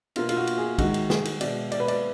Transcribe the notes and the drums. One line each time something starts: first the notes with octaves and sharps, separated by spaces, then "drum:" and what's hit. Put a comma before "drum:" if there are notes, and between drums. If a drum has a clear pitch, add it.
B2 A#3 F4, drum: cymbal
F4, drum: cymbal
F#4
drum: cymbal
G#4
G#2 D#3 G#3 F#4, drum: kick, cymbal
drum: cymbal
G#4, drum: snare
drum: cymbal
B2 G#3 D5, drum: cymbal
D5, drum: cymbal
B4
D5, drum: cymbal